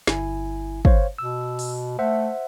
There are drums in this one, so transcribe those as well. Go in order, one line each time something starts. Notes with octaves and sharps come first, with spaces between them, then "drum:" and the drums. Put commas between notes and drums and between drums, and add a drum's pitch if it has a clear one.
G1 E4 G#5, drum: snare
C5 C#5 F5, drum: kick
B2 E6
drum: open hi-hat
A3 C5 E5 F#5